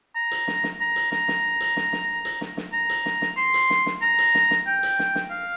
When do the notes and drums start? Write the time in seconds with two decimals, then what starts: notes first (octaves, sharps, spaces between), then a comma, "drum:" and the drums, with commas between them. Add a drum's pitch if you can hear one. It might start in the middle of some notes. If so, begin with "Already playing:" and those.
0.15 A#5
0.31 drum: hi-hat
0.48 drum: snare
0.64 drum: snare
0.80 A#5
0.96 drum: hi-hat
1.12 A#5, drum: snare
1.28 drum: snare
1.60 drum: hi-hat
1.77 drum: snare
1.93 drum: snare
2.25 drum: hi-hat
2.41 drum: snare
2.57 drum: snare
2.73 A#5
2.90 drum: hi-hat
3.06 drum: snare
3.22 drum: snare
3.37 C6
3.54 drum: hi-hat
3.70 drum: snare
3.86 drum: snare
4.02 A#5
4.19 drum: hi-hat
4.35 drum: snare
4.51 drum: snare
4.67 G5
4.83 drum: hi-hat
4.99 drum: snare
5.15 drum: snare
5.31 F5